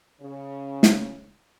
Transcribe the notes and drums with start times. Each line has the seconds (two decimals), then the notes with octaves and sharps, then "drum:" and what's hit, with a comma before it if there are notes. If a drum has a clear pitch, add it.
0.20 C#3
0.83 drum: snare